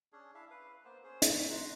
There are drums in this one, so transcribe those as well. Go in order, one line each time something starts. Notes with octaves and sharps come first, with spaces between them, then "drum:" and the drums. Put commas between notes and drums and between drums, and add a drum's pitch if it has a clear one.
C#4 D4 G#4
D4 E4 E5 F5
B4 F5
A#3 B3 C5
C#4 G#4 C5
drum: hi-hat
F#5 A#5 C6